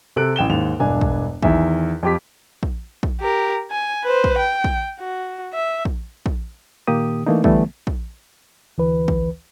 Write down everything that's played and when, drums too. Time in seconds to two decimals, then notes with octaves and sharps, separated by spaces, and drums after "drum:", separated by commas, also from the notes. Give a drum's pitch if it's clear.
0.16 C3 A4 F#6 D7
0.36 A1 G5 E7 G7
0.49 D#2 G#2 F7
0.79 E1 G2 D4 G#5
1.01 drum: kick
1.43 E2 D#3 E5 G#5, drum: kick
2.03 F2 F4 G4 D6 B6
2.63 drum: kick
3.03 drum: kick
3.21 G4 A#4
3.71 G#5
4.04 B4 C5
4.24 drum: kick
4.38 G5
4.64 drum: kick
5.00 F#4
5.53 E5
5.85 drum: kick
6.26 drum: kick
6.87 A#2 D#3 A#3 G4 D#6
7.26 E3 A3 A#3 D4 D#4
7.44 D3 E3 G3 A3 B3, drum: kick
7.87 drum: kick
8.78 D2 E3 B4
9.08 drum: kick